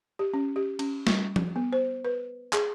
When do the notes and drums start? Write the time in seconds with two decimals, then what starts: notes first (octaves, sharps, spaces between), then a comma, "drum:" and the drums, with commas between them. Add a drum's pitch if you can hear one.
0.19 G4
0.34 C#4
0.56 G4
0.79 C#4, drum: cymbal
1.07 G3, drum: snare
1.36 drum: tom F3
1.56 B3
1.73 C5
2.05 B4
2.53 G#4, drum: clap